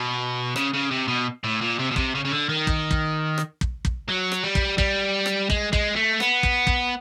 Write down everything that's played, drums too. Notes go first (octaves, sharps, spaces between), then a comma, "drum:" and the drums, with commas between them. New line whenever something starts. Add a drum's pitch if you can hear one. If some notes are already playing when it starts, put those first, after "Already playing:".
Already playing: B2
C#3, drum: rim click
C#3
C3
B2
A2
A#2
C3
B2
C3, drum: kick
C#3
C#3
D3
D#3
drum: kick
drum: kick
drum: rim click
drum: kick
drum: kick
F#3
drum: rim click
G3
drum: kick
G3, drum: kick
drum: rim click
G#3, drum: kick
G#3, drum: kick
A3
B3, drum: rim click
drum: kick
drum: kick